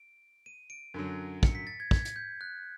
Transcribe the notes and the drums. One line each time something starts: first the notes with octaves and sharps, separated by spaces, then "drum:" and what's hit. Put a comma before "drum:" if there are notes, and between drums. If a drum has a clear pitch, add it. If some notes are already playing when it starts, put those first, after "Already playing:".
Already playing: D7
D#7
D7
F#2 D3 F#3
C#7, drum: kick
B6
A6
G#6
G#6, drum: kick
drum: hi-hat
G6
F#6